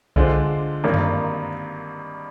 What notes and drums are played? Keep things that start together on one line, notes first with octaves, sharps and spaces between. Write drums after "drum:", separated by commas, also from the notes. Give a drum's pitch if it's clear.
D3 G#3 D4 F4 C5, drum: kick B1
G#1 G2 D#3 A#3
drum: tom F#2